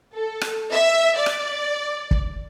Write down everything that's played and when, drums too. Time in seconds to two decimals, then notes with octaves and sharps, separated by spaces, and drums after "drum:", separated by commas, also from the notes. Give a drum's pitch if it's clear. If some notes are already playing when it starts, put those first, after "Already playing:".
0.13 A4
0.41 drum: rim click
0.71 E5
1.17 D5
1.26 drum: rim click
2.11 drum: kick